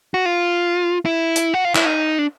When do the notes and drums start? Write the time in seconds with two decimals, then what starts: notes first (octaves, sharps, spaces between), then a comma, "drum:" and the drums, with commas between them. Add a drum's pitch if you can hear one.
0.14 F#4
0.26 F4
1.05 E4
1.36 drum: hi-hat
1.54 F#4
1.65 F4
1.75 E4, drum: clap
1.86 D#4
2.19 D4